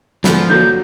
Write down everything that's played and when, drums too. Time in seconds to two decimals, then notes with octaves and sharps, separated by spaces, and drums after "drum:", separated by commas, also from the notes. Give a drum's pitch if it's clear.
0.24 G#2 D3 F3 B3, drum: snare
0.49 D3 F#3 A#3 G6